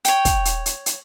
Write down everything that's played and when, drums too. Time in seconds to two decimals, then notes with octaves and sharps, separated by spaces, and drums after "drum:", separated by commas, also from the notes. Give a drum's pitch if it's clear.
0.05 C#5 G5, drum: hi-hat
0.25 drum: kick, hi-hat
0.45 drum: hi-hat
0.66 drum: hi-hat
0.86 drum: hi-hat